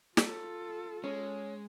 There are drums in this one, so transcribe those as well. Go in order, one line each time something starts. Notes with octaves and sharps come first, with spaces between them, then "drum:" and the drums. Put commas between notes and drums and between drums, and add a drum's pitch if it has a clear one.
F4 A4, drum: snare
G#3 C#4